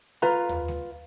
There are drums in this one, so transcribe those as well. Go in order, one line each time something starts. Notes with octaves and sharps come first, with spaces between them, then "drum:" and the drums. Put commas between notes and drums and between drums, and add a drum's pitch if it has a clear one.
F4 B4 A#5, drum: snare G#3
drum: tom D#2
drum: snare G#3